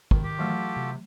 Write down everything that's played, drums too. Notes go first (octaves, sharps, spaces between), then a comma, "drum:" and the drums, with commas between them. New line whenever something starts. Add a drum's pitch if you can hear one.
D#3, drum: kick
G4
E3 F#3 A3 F4 F#4 A4
C3